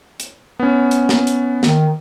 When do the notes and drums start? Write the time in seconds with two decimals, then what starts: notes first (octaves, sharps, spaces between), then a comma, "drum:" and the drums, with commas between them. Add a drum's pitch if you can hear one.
0.20 drum: hi-hat
0.59 B3 C#4
0.91 drum: hi-hat
1.09 drum: snare
1.27 drum: hi-hat
1.63 D#3, drum: snare